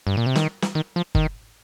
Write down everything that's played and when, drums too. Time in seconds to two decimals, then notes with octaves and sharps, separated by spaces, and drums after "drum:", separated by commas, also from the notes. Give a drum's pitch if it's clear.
0.07 G2
0.17 A#2
0.26 C3
0.35 D#3, drum: snare
0.62 drum: snare
0.75 D#3
0.96 F3
1.15 D#3, drum: kick F#1